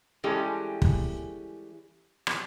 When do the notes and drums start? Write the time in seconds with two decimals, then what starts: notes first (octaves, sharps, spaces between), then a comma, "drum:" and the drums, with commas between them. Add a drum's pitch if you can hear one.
0.24 E3 G3 G#3 C#4 G4 A4
0.82 drum: kick
2.27 drum: rim click